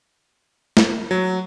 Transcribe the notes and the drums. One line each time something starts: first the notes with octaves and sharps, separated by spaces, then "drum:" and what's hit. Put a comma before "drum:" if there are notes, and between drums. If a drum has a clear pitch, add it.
drum: snare
F#3